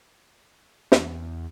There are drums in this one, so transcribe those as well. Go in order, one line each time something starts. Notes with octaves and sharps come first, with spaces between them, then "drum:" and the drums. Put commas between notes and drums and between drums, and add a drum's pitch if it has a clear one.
E2, drum: snare